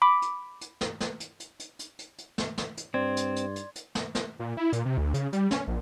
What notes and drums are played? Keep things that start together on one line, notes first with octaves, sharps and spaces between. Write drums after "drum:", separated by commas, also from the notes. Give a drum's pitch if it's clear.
B5 D6
drum: hi-hat
drum: hi-hat
drum: snare
drum: snare
drum: hi-hat
drum: hi-hat
drum: hi-hat
drum: hi-hat
drum: hi-hat
drum: hi-hat
drum: snare
drum: snare
drum: hi-hat
G2 C4 D5 C6 G#6
drum: hi-hat
drum: hi-hat
drum: hi-hat
drum: hi-hat
drum: snare
drum: snare
A#2
E4
A#2, drum: hi-hat
C3
D2
C#3, drum: hi-hat
G3, drum: hi-hat
C#4, drum: snare
A#1